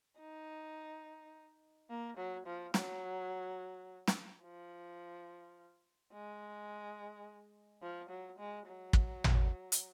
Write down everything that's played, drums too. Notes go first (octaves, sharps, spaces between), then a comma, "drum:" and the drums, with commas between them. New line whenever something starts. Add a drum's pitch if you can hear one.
D#4
A#3
F#3
F3
F#3, drum: snare
drum: snare
F3
G#3
F3
F#3
G#3
F#3
drum: kick
drum: tom
drum: hi-hat